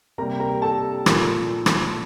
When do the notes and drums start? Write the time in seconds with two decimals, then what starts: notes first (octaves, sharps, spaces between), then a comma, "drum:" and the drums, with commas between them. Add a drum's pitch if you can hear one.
0.18 C3 G3 A#3 A#4 A#5
0.40 A#4 A#5
0.62 A4 A5
1.06 A#2 F3 A#3, drum: rim click
1.66 drum: rim click